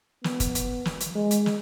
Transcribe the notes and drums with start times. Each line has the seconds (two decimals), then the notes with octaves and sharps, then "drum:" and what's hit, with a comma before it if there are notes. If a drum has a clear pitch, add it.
0.24 B3, drum: snare
0.40 drum: kick, hi-hat
0.55 drum: hi-hat
0.85 drum: snare
1.01 drum: hi-hat
1.15 G#3
1.31 drum: hi-hat
1.46 drum: snare